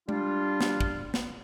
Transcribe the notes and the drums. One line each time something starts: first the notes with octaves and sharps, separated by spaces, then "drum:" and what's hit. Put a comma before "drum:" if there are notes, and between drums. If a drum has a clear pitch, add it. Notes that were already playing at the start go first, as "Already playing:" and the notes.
G3 D4 F4, drum: tom G#3
drum: snare
drum: kick
drum: snare